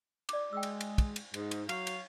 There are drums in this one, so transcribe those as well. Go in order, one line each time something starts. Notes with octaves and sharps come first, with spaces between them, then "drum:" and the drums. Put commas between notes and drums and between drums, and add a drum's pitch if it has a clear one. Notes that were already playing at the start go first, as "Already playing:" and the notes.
D5 D6, drum: cymbal
G#3 G5 E6
drum: cymbal
drum: cymbal
drum: kick, cymbal
drum: cymbal
G#2, drum: cymbal
drum: cymbal
F#3 C#5 F5, drum: cymbal
drum: cymbal